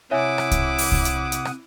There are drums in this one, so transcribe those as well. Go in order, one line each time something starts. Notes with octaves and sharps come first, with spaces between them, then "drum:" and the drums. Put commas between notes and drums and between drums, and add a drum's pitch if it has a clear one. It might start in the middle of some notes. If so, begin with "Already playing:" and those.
C3 E4 C#5 E5 F#5 G#5 D6 D#6
drum: rim click
drum: kick C2, hi-hat
drum: open hi-hat
drum: kick C2
drum: hi-hat
drum: hi-hat
drum: rim click